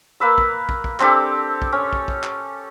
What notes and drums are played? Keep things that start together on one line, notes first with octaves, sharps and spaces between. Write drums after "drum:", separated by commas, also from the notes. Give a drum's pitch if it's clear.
A#3 B4 E6
drum: kick
drum: kick
drum: kick
C4 D4 G4 A4, drum: clap
drum: kick
C#4
drum: kick
drum: kick
drum: clap